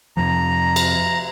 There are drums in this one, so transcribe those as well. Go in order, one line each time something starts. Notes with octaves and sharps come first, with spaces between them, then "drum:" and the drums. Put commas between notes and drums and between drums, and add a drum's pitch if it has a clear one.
F2 C3 F3 A#5
drum: cymbal